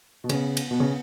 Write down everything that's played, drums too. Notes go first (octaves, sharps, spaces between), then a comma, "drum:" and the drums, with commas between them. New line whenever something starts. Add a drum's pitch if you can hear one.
B2
C#3 B3, drum: cymbal
drum: cymbal
B2 B3
C#3